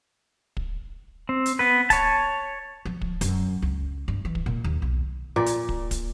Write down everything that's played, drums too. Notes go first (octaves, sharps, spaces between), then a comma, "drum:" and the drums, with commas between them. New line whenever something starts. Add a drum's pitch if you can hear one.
drum: kick
C4
drum: hi-hat
B3 B4
C#5 A5, drum: kick, hi-hat
F3
drum: kick
F#2, drum: kick, hi-hat
C#2
G2
E3
drum: kick
A#2
D#2
B1
A#2 D5
drum: hi-hat
drum: kick
drum: kick, hi-hat